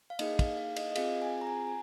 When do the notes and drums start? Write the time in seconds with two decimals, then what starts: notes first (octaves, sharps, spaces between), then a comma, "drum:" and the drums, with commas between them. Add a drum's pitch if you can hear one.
0.10 F5
0.19 A#3 D#4 G#4 D#5, drum: cymbal
0.39 F5, drum: kick, cymbal
0.57 F5
0.76 D#5, drum: cymbal
0.92 D#5
0.95 C4 F4 G#4 F5, drum: cymbal
1.22 G#5
1.41 A#5
1.47 G#5
1.67 G#5